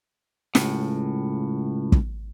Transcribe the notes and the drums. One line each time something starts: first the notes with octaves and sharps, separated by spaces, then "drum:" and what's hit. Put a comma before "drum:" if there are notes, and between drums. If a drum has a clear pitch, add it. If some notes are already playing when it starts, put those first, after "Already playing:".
C#2 A2, drum: snare
drum: kick